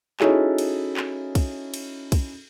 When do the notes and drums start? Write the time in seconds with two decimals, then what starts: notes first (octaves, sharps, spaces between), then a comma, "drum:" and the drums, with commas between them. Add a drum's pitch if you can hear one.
0.20 C#4 D#4 E4 F#4 G#4 A4, drum: clap
0.58 drum: cymbal
0.97 drum: clap
1.35 drum: kick, cymbal
1.74 drum: cymbal
2.12 drum: kick, cymbal